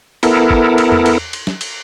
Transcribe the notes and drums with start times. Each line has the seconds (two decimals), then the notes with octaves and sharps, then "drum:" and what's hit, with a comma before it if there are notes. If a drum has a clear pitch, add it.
0.23 B3 E4 A4 A#4, drum: cymbal
0.50 drum: kick
0.78 drum: cymbal
0.92 drum: tom E2
1.06 drum: cymbal
1.33 drum: cymbal
1.47 drum: snare
1.61 drum: cymbal